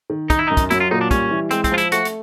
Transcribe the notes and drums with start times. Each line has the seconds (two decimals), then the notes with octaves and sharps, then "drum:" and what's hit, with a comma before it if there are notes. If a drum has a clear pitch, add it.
0.10 D#3
0.30 D#3 D#4, drum: kick, hi-hat
0.39 E4
0.48 F#2 D#4
0.57 drum: kick, hi-hat
0.70 F#3 E4, drum: hi-hat
0.80 F4
0.91 A#2 D#4
1.01 D4
1.11 G3 C#4, drum: kick, hi-hat
1.31 E3
1.51 G#3 C4, drum: hi-hat
1.64 C4, drum: kick, hi-hat
1.71 F3 F4
1.78 E4, drum: hi-hat
1.92 A3 F#4, drum: hi-hat
2.05 drum: hi-hat